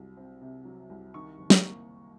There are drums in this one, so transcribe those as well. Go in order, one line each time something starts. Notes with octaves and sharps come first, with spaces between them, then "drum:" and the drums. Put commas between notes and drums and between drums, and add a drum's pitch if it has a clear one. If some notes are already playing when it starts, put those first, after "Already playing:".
Already playing: C2 F#3
C4
C3
F#3
C2
D#3 C#6
F#1
drum: snare
A#3